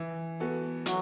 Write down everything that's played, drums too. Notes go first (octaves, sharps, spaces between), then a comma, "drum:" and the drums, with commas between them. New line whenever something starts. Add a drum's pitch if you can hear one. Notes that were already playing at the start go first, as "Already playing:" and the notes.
Already playing: E3
B3 F#4 A4
E3 F#3 F#4, drum: hi-hat